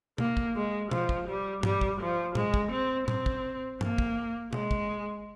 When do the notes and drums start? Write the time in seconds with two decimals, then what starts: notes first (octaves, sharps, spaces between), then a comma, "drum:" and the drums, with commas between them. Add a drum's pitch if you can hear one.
0.18 A#3, drum: tom B2
0.37 drum: kick
0.55 G#3
0.91 F3, drum: tom B2
1.09 drum: kick
1.28 G3
1.63 G3, drum: tom G2
1.81 drum: kick
2.00 F3
2.35 G#3, drum: tom A2
2.54 drum: kick
2.72 C4
3.08 C4, drum: tom A2
3.26 drum: kick
3.81 A#3, drum: tom G2
3.98 drum: kick
4.53 G#3, drum: tom B2
4.71 drum: kick